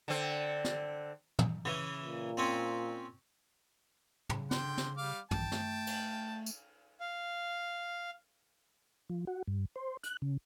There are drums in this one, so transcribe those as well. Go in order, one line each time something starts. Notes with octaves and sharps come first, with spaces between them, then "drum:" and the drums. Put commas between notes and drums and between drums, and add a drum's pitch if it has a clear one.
D3 C4
drum: snare
drum: tom
C#3 E3
A#2
C4 C#4
C#3, drum: tom
D3 G5 C6, drum: snare
drum: snare
G3 F5 D6
A#1 G5 A5, drum: tom
A3, drum: snare
drum: cymbal
drum: tambourine
F5
F3
F#4
G2
C5
F#6, drum: hi-hat
C#3